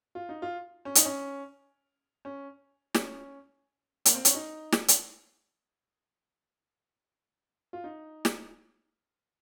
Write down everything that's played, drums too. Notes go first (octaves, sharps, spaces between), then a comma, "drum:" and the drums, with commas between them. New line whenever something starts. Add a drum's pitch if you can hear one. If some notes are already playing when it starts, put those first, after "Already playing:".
F4
D#4
F4
C#4
D#4, drum: hi-hat
C#4
C#4
C#4, drum: snare
A#3, drum: hi-hat
C4
C#4, drum: hi-hat
D#4
drum: snare
drum: hi-hat
F4
D#4
drum: snare